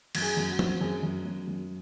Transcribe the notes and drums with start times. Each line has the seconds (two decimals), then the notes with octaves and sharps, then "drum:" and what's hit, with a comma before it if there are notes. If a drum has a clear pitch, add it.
0.15 F#2, drum: cymbal
0.22 G#4
0.37 F#2
0.51 F#4
0.59 C4, drum: tom F3
0.81 F#2 G#4
1.03 F#2
1.25 F#2
1.47 F#2